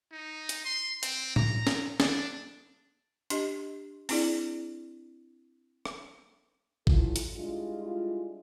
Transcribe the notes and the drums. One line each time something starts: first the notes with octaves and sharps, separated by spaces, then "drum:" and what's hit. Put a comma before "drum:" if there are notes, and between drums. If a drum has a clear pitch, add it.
D#4
drum: hi-hat
C6
C4, drum: hi-hat
A#5, drum: tom A2
drum: snare
D4, drum: snare
D4 G4 D#5, drum: hi-hat
C4 D4 E4 G#4 D5, drum: open hi-hat
drum: rim click
E3 F#3 E4 F4 A4, drum: kick G#1
drum: hi-hat
G3 G#3 D4 E4 F4